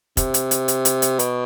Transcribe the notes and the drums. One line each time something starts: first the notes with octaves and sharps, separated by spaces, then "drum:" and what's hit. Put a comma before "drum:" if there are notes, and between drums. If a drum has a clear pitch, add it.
C3, drum: kick F1, hi-hat
drum: hi-hat
drum: hi-hat
drum: hi-hat
drum: hi-hat
drum: hi-hat
B2, drum: hi-hat